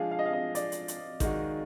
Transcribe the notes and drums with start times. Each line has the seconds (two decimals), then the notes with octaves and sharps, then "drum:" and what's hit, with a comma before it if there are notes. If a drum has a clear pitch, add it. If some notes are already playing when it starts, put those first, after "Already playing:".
Already playing: F3 G#3 D4 G#4 F5
0.11 F5
0.19 D#5
0.26 F5
0.33 D#5
0.55 D5, drum: hi-hat
0.72 drum: hi-hat
0.88 drum: hi-hat
1.20 D#3 G#3 D#4 F#4, drum: kick A1, hi-hat